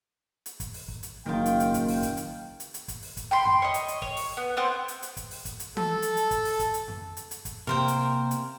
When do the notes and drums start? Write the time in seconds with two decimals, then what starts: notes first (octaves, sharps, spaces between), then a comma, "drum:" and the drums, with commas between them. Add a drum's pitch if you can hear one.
0.46 drum: hi-hat
0.60 drum: kick, hi-hat
0.74 drum: open hi-hat
0.88 drum: kick
1.03 drum: hi-hat
1.26 F#1 D#3 F4 G5
1.46 drum: hi-hat
1.60 drum: hi-hat
1.74 drum: kick, hi-hat
1.88 drum: open hi-hat
2.03 drum: kick, hi-hat
2.17 drum: hi-hat
2.60 drum: hi-hat
2.74 drum: hi-hat
2.88 drum: kick, hi-hat
3.03 drum: open hi-hat
3.17 drum: kick, hi-hat
3.31 G5 B5 C6
3.45 drum: tom F2
3.62 C#5 D#5
3.74 drum: hi-hat
3.88 drum: hi-hat
4.02 C#5, drum: kick
4.17 drum: open hi-hat
4.37 B3
4.57 B3 C4 C5
4.88 drum: hi-hat
5.02 drum: hi-hat
5.17 drum: kick, hi-hat
5.31 drum: open hi-hat
5.45 drum: kick, hi-hat
5.60 drum: hi-hat
5.77 A4, drum: tom E3
6.02 drum: hi-hat
6.17 drum: hi-hat
6.31 drum: kick, hi-hat
6.45 drum: open hi-hat
6.59 drum: kick, hi-hat
6.74 drum: hi-hat
6.88 drum: tom F2
7.17 drum: hi-hat
7.31 drum: hi-hat
7.45 drum: kick, hi-hat
7.67 C3 A#3 A#4 C5 G5
7.88 drum: hi-hat
8.31 drum: hi-hat